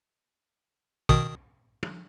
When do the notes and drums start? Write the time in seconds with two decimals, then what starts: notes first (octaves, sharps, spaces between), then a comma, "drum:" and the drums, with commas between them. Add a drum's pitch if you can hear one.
1.09 B2 D#3 D#6, drum: kick
1.83 drum: tom